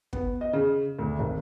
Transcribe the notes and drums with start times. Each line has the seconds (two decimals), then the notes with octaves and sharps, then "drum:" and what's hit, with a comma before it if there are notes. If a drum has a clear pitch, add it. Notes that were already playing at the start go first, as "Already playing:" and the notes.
0.13 B3, drum: kick
0.41 D#5
0.53 C#3
0.99 D2
1.19 G#1